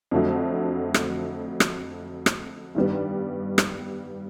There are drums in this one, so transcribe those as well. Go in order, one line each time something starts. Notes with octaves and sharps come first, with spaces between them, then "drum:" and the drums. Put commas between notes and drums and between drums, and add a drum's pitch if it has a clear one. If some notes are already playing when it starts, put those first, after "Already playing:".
F2 D3 F#3 A3
drum: rim click
drum: rim click
drum: rim click
G2 D#3 G3 B3
drum: rim click